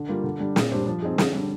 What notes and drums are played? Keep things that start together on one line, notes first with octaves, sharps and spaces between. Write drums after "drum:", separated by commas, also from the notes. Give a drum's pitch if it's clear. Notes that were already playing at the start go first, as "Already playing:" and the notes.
Already playing: D3
G3 A#3 F4
D3
G3 D4
A#2, drum: snare
G3 D4 G4 C5
F3
C4 D#4 G#4
D3, drum: snare
G3 D4